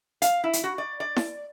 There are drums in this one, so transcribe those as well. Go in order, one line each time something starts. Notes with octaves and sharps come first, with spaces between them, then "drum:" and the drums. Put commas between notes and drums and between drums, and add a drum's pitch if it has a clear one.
F5, drum: hi-hat
E4
drum: hi-hat
F#4
D5
D5
drum: snare E4